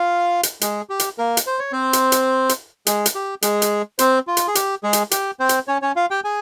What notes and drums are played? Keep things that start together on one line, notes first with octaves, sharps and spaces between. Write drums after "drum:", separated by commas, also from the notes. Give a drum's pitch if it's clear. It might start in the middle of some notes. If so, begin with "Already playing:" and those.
Already playing: F4 F5
drum: hi-hat
G#3 G#4, drum: hi-hat
G4
drum: hi-hat
A#3 A#4
drum: hi-hat
C5
C#5
C4 C5
drum: hi-hat
drum: hi-hat
drum: hi-hat
G#3 G#4, drum: hi-hat
drum: hi-hat
G4
G#3 G#4, drum: hi-hat
drum: hi-hat
C4 C5, drum: hi-hat
F4
drum: hi-hat
G#4
G4, drum: hi-hat
G#3 G#4
drum: hi-hat
G4, drum: hi-hat
C4 C5
drum: hi-hat
C#4 C#5
C#4 C#5
F4 F5
G4 G5
G#4 G#5